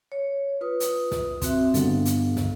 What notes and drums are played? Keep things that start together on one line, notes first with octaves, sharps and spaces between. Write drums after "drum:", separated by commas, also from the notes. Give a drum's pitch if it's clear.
C#5
F4 B4 D#6
drum: hi-hat
drum: snare
C4 F#4 E5, drum: kick, hi-hat
G2 D3 B3 A4 F5, drum: hi-hat
drum: hi-hat
drum: snare